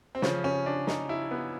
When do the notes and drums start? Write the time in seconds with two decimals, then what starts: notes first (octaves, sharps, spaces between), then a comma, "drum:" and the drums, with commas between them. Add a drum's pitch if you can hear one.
0.15 C4
0.22 C#3 F3 C#4, drum: snare
0.44 C#4
0.66 D4
0.87 D#4, drum: snare
1.09 E4
1.31 B3